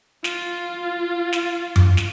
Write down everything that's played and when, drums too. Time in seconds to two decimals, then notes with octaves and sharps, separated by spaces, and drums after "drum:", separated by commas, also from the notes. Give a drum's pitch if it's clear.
0.24 F4, drum: snare
1.32 drum: snare
1.76 drum: tom F#2
1.97 drum: snare